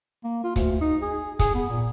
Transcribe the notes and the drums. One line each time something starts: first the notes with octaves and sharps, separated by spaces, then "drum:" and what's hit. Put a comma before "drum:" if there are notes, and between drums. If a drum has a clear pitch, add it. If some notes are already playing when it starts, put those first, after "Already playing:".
A#3
F4
D2, drum: kick, hi-hat
D#4
G#4
G#4, drum: kick, hi-hat
B3
A#2